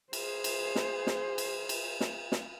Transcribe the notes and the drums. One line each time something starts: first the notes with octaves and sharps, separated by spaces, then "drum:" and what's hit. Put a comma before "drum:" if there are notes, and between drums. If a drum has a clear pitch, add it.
G#4 C5, drum: cymbal
drum: cymbal
drum: snare
drum: snare
drum: cymbal
drum: cymbal
drum: snare
drum: snare